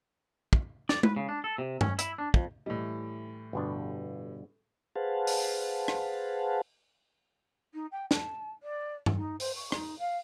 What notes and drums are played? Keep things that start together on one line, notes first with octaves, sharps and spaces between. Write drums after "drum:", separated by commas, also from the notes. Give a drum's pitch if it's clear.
drum: kick
D5, drum: snare
B4, drum: tom
C#3
D4
A4
C3
C#4, drum: tom G2
E4, drum: hi-hat
D4
F2, drum: kick
A2 E3 G3 D#5
G1 B2 D4
G#4 B4 C5 F5 F#5 A5
drum: open hi-hat
drum: rim click
D#4
G5
A5, drum: snare
D5
drum: tom G2
D#4
C5, drum: open hi-hat
C#6
D#4, drum: rim click
F5